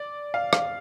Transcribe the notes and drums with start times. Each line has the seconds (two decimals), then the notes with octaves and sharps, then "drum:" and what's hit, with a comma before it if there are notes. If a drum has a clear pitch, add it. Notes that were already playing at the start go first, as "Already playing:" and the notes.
Already playing: D5
0.34 F5
0.53 F5, drum: rim click